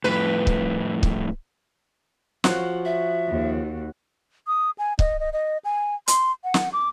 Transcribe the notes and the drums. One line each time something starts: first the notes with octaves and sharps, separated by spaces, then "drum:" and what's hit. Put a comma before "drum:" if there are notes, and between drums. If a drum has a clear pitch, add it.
F2 A2 B4
drum: kick
drum: kick
F3 F#4 C#5 F#5, drum: snare
E5
D#2
D#6
G#5
D#5, drum: kick
D#5
D#5
G#5
C6, drum: hi-hat
F#5
drum: snare
D6